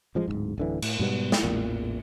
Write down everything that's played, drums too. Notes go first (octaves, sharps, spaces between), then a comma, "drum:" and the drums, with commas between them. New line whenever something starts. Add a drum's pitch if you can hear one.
A1 F3 G#3
D1 C2 G#2
D1 D3 E3
A2, drum: cymbal
G#2 B2 G3 B3
drum: snare
A1 E2 A#2